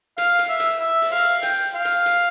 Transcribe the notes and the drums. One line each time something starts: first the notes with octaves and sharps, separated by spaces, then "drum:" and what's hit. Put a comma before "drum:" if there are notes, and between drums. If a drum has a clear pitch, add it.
F5, drum: hi-hat
drum: hi-hat
E5
drum: hi-hat
E5
drum: open hi-hat
F5
G5, drum: hi-hat
F5
drum: hi-hat
drum: hi-hat